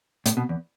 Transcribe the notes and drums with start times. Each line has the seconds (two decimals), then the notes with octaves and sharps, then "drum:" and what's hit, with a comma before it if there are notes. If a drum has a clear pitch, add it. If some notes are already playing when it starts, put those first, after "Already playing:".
0.26 A2, drum: hi-hat
0.37 B2
0.49 E2